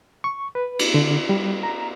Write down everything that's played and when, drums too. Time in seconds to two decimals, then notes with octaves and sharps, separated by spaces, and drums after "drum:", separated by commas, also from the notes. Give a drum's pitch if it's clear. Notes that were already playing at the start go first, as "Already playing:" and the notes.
0.24 C#6
0.55 B4
0.79 drum: cymbal
0.94 D3
1.29 G3
1.63 A#5